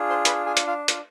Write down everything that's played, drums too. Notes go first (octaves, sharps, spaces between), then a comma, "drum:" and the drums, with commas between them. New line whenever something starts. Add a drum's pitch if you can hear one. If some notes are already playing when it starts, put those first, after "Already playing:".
Already playing: D4 F4 G#4
C5 C6
B4 B5, drum: hi-hat
G#4 G#5
drum: hi-hat
F4 F5
F4 F5, drum: hi-hat